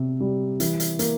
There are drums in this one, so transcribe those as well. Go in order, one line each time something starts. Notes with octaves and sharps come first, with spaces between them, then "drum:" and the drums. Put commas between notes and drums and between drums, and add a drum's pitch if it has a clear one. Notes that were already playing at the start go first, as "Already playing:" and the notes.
Already playing: C3 C4
G3
E3, drum: hi-hat
drum: hi-hat
A#3, drum: hi-hat